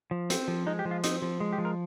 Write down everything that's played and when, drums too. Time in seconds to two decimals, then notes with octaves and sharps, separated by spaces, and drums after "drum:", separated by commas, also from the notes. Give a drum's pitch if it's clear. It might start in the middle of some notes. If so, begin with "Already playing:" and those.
0.11 F3
0.30 C4, drum: hi-hat
0.48 F3
0.67 G#3 D#4
0.79 G4
0.85 F3
0.91 F4
1.04 C4 D#4, drum: hi-hat
1.22 F3
1.40 G#3
1.53 G4
1.58 F3
1.65 A#4